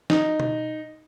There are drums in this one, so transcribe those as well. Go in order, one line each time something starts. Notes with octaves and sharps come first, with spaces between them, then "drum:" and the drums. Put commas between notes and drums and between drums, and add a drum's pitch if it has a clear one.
D#4, drum: snare
drum: tom B2